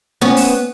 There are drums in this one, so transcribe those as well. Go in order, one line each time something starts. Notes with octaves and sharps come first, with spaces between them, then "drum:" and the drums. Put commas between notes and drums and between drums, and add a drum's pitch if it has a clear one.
B3 C#4
drum: open hi-hat